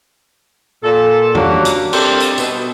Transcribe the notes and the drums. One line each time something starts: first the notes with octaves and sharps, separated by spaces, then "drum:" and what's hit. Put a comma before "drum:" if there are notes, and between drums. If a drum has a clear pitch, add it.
A#2 A4
F3 G3 A#3 C#4 D4 F#4, drum: tom
drum: hi-hat
G3 C4 D4 A4 A#4 C5, drum: cymbal
drum: hi-hat
B2, drum: tambourine